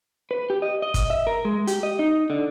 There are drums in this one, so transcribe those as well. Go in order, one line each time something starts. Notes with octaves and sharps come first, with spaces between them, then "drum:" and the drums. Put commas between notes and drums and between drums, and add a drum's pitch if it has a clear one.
B4
G4
D#5
D#5
drum: kick G1, hi-hat
E5
A#4
G#3
G4, drum: hi-hat
D#5
D#4
D3